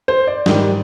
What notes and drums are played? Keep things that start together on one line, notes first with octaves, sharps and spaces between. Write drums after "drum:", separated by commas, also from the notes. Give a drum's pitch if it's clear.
C5
D5
G#2 D#3 G3, drum: snare